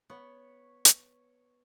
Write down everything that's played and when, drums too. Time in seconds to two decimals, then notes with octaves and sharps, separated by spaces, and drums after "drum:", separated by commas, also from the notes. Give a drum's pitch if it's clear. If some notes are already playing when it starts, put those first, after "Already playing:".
0.10 B3 C#5
0.85 drum: hi-hat